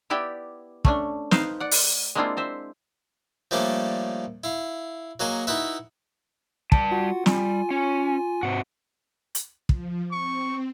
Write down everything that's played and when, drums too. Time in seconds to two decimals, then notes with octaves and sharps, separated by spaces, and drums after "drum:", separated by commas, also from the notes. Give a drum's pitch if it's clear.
0.10 B3 E4 G4 D5 E5 G5
0.85 A3 C#4 D4, drum: kick
1.31 D#4 B4 C5 F5, drum: snare
1.60 D5 F#5
1.71 drum: open hi-hat
2.15 G#3 A#3 C4 D4 E4 F4
2.37 C4 C5 E5
3.51 F3 G3 A3 A#3 C#4 D4
4.44 E4 F5
5.20 F#3 A#3 F#4 G#4 D#5
5.47 D#4 E4 F#4 B4 E5
6.72 G3 A5, drum: kick
6.91 F4 F#4 F#5
7.26 G3 F4 G#5, drum: snare
7.71 C#4
8.43 G#2 C3 F#4
9.35 drum: hi-hat
9.69 F3, drum: kick
10.12 C4 C#6